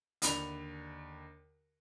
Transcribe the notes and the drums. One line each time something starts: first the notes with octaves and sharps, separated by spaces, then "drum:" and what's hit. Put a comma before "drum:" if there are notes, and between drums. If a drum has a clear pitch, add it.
D#2 D3 B5 D#7 F7, drum: hi-hat